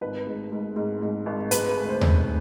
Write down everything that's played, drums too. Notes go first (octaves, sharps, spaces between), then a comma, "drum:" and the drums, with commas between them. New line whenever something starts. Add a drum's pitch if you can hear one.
G#1 B4
G#2
G#2
G#2
G#2
G#1
G#3 B4, drum: hi-hat
D2
C5
D2, drum: tom D#2